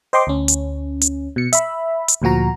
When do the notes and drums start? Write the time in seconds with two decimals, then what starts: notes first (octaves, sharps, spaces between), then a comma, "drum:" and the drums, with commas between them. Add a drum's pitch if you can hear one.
0.13 C5 D#5 G5 C6 D6
0.27 D2 C#4
0.48 drum: hi-hat
1.01 drum: hi-hat
1.36 B2 C#7
1.53 E5 B5, drum: hi-hat
2.08 drum: hi-hat
2.22 D2 A#2 F3 F#4 A#5